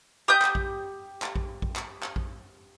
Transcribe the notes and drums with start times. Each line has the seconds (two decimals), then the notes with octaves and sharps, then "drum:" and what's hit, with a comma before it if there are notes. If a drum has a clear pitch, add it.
0.28 G4 D#6 G6
0.42 drum: clap
0.55 drum: kick A#1
1.22 drum: clap
1.36 drum: kick A#1
1.62 drum: kick A#1
1.76 drum: clap
2.03 drum: clap
2.16 drum: kick A#1